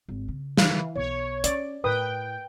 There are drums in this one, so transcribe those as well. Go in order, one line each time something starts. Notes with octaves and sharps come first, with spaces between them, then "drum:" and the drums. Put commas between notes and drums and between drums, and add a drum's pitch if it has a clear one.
G#1
C#3
E3 F5, drum: snare
B1 C#5
C#4 D5, drum: hi-hat
A2 A#4 B4 G5 D#6